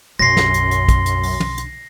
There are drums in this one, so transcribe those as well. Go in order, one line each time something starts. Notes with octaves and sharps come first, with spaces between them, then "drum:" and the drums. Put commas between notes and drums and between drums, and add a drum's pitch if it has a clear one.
B1 F#2 C6 A#6 C7
drum: snare
drum: hi-hat
drum: hi-hat
drum: kick, hi-hat
drum: hi-hat
drum: open hi-hat
drum: tom
drum: hi-hat